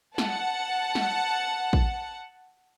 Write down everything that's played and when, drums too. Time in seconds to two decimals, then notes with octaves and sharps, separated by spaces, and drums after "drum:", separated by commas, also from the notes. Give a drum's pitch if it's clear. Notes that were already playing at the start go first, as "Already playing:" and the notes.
0.18 F#5 A5, drum: snare
0.95 drum: snare
1.73 drum: kick A1